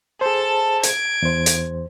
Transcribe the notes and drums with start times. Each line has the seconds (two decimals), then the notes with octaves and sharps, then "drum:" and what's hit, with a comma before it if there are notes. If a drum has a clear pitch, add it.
0.21 G#4 A4 C5 A5
0.83 G#6 D7, drum: hi-hat
1.22 E2 C5
1.46 drum: hi-hat